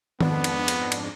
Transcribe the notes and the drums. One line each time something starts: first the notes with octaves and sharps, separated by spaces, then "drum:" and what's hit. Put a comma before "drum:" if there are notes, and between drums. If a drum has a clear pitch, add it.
F2 G#2 B3 D4, drum: tom D#3
drum: cymbal
drum: cymbal
drum: cymbal